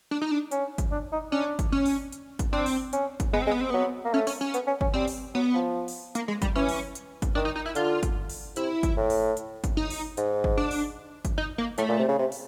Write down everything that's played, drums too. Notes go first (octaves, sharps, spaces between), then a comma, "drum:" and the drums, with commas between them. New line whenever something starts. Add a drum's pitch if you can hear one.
D4
D#4
D4
C#4, drum: hi-hat
drum: kick G1, hi-hat
D4
D#4
C#4 D4
drum: kick G1, hi-hat
C#4
drum: open hi-hat
drum: hi-hat
drum: kick G1, hi-hat
C4 D4
drum: open hi-hat
C#4, drum: hi-hat
drum: kick G1, hi-hat
G#3 B3
C4
G#3
B3
C4
F#3 B3
A#3
A3 C#4
C#4, drum: open hi-hat
C#4
B3, drum: hi-hat
C#4
C#4, drum: kick G1
G3 C4
drum: open hi-hat
F#3 B3
F3
drum: open hi-hat
A#3, drum: hi-hat
G#3
G3, drum: kick G1, hi-hat
E3 C#4
drum: open hi-hat
drum: hi-hat
drum: kick G1, hi-hat
D#3 D4
D#4
D#4
E4
D3 F4, drum: hi-hat
drum: kick G1, hi-hat
drum: open hi-hat
C3 E4, drum: hi-hat
drum: kick G1, hi-hat
A2
drum: open hi-hat
drum: hi-hat
drum: kick G1, hi-hat
D#4
drum: open hi-hat
G#2, drum: hi-hat
drum: kick G1
D4
drum: open hi-hat
drum: kick G1, hi-hat
D#4
A#3
A2 A3, drum: hi-hat
A#2
C3
C#3
C3
drum: open hi-hat